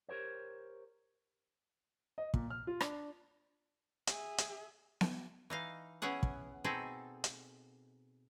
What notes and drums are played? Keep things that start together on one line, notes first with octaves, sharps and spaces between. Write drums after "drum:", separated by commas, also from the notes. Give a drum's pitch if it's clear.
G4 A#4 C5 C#5
D#5
A#2, drum: kick
F6
F4
D4, drum: rim click
G#4 E5, drum: hi-hat
drum: hi-hat
drum: snare B3
E3 D#4 F5
B3 C#4 E4 G#4 F#5
drum: kick
B2 C4 D#4 G#4 A4
drum: hi-hat